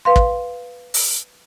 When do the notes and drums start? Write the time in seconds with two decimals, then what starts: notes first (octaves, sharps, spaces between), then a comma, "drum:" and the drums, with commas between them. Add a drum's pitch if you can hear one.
0.05 B4 F5 C6
0.16 drum: kick
0.94 drum: open hi-hat